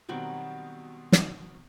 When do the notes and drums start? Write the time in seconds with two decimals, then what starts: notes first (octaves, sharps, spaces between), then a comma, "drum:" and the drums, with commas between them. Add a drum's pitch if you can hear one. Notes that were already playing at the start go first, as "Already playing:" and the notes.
0.09 B2 D#3 F#3 G3 C4 F#4
1.12 drum: snare